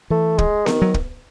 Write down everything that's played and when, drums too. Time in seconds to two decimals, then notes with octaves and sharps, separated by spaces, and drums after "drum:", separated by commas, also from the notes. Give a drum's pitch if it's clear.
0.10 E3 A3
0.38 G#3, drum: kick
0.66 D#3, drum: snare B3
0.82 F#3
0.94 drum: kick